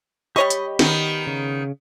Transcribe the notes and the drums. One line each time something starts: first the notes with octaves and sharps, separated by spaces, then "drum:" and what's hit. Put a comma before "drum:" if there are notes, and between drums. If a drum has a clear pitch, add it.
G3 G4 C#5 D#5 B5 C#6
drum: hi-hat
D#3 B3, drum: snare
C#3